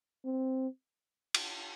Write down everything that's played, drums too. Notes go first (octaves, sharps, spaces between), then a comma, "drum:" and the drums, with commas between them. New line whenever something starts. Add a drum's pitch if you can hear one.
C4
drum: cymbal